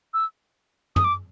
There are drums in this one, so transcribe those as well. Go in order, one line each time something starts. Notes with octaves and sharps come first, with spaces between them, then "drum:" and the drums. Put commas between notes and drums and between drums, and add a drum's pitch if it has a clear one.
E6
D#6, drum: tom
D6